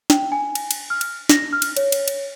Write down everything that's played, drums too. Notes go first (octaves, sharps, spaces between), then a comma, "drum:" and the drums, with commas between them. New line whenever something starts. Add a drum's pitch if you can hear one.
G5, drum: snare
G#5
drum: cymbal
drum: cymbal
F6
drum: cymbal
A#6, drum: snare
F6
drum: cymbal
C#5, drum: cymbal
drum: cymbal
drum: cymbal